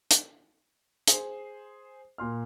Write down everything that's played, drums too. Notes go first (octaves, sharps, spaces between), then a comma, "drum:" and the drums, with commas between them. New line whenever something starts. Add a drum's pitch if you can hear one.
drum: hi-hat
G#4 C5, drum: hi-hat
A#2 C6 F6